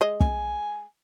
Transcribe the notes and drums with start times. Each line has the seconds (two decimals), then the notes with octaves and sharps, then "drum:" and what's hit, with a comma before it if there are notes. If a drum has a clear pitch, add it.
0.01 G#3 D#5
0.20 G#5, drum: kick